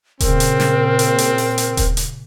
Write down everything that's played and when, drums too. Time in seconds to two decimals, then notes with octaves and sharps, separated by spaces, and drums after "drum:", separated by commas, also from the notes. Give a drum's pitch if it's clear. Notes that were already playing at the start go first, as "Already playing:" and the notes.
0.20 A#2 C#3 C4 A#4, drum: kick D#1, hi-hat
0.40 drum: hi-hat
0.60 drum: snare
0.99 drum: hi-hat
1.18 drum: hi-hat
1.38 drum: open hi-hat
1.58 drum: hi-hat
1.77 drum: kick D#1, hi-hat
1.97 drum: hi-hat